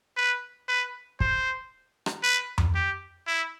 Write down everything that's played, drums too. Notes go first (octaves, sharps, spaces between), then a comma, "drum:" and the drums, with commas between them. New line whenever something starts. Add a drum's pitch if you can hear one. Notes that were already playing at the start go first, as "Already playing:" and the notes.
B4
B4
C5, drum: kick
drum: rim click
B4
drum: tom F2
G4
E4